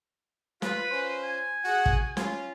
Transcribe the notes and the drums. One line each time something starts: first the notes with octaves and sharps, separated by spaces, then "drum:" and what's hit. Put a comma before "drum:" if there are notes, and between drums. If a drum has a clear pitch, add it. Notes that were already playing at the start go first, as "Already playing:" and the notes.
F4 B4, drum: snare
C#4 F4 C5
G#5
F#4 G#4 F#5
drum: kick
C#4 F4, drum: snare